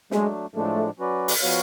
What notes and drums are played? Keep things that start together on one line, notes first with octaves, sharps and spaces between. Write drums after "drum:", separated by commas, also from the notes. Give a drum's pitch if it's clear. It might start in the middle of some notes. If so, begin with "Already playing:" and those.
F#3 G#3 A3 D4, drum: snare
A2 F3 G#3 A3 D4
F#3 C#4 F#4 B4 D5
drum: open hi-hat
F3 B3 F#4 C#5 F5